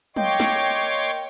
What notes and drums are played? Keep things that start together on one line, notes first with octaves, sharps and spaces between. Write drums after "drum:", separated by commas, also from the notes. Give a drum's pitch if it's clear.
A#3 C#5 D#5 G5 C6 D6, drum: tom
drum: snare